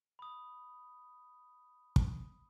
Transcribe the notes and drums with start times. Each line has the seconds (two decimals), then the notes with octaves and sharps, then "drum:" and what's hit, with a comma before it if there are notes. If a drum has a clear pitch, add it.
0.19 B5 D#6
1.96 drum: kick